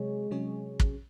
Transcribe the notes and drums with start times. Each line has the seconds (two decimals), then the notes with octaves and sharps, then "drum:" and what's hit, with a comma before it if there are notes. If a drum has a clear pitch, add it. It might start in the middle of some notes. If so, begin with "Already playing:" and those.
Already playing: C3 F#3 G#3 G#4 C#5
0.31 C3 F#3 C#4 G#4 C#5
0.80 drum: kick